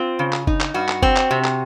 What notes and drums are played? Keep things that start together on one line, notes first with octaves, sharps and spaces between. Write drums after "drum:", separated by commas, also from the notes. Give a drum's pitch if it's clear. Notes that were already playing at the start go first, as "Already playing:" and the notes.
Already playing: C4 F4
C#3
drum: clap
D#4, drum: kick F#1
drum: clap
G2 F#4
drum: clap
C4, drum: kick F#1
drum: clap
C3
drum: clap